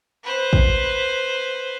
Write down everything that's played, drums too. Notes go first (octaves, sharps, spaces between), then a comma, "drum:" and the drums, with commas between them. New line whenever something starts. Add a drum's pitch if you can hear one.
B4 C5
drum: kick